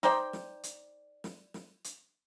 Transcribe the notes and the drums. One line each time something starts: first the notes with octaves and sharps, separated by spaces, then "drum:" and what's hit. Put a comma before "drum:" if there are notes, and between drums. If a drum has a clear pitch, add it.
D#4 C5 D5 G5, drum: snare
drum: snare
drum: hi-hat
drum: snare
drum: snare
drum: hi-hat